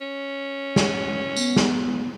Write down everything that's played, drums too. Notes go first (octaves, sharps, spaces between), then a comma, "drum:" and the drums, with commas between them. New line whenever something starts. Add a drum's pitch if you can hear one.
C#4
drum: snare
B3, drum: tambourine
drum: snare